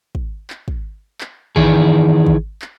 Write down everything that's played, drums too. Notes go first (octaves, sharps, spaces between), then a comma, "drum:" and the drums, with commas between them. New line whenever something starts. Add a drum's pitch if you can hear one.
drum: kick
drum: clap
drum: kick
drum: clap
D#3 E3 G#4, drum: kick
drum: kick
drum: clap